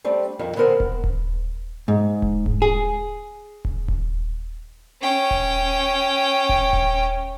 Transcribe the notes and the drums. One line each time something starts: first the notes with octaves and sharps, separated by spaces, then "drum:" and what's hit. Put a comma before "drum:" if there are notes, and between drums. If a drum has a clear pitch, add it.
G3 A3 C4 D4
F2 D#3
D3 B3 C4 A#4 C5 F#5
drum: kick D#1
drum: kick D#1
G#2
drum: kick D#1
drum: kick D#1
G#4
drum: kick D#1
drum: kick D#1
C#4 G5
drum: kick D#1
drum: kick D#1
drum: kick D#1